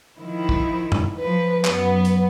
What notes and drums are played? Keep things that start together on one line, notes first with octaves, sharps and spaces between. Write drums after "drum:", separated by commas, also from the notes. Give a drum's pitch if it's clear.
D#3 F3 E4
drum: kick
drum: tom F#2
F3 B4
F#2 F#3 B3, drum: clap
drum: hi-hat